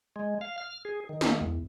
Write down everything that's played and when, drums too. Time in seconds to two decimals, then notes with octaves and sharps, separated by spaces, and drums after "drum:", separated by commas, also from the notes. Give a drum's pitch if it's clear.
0.16 G#3
0.41 F5
0.58 F6
0.85 G#4
1.09 D#3
1.21 drum: snare
1.41 E2